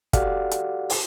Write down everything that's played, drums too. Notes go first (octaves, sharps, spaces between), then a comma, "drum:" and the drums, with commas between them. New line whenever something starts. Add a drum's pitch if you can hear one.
F#4 G4 A4 D5 F5 F#5, drum: kick, hi-hat
drum: hi-hat
drum: open hi-hat